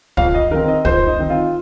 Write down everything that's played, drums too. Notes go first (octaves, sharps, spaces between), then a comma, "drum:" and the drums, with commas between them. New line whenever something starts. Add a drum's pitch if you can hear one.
F2 F5, drum: kick
D#5
D#3 C4 A#4
D#5
F2 C5, drum: kick
D#4
D#3 C4
F4